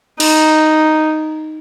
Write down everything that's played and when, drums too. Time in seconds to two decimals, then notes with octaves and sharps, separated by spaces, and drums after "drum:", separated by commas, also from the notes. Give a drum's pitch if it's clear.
0.20 D#4, drum: cymbal